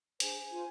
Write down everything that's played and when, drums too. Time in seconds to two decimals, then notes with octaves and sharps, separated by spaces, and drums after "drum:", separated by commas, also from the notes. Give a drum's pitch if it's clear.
0.20 D4 G#4 C5 G#5, drum: hi-hat
0.50 F4 C5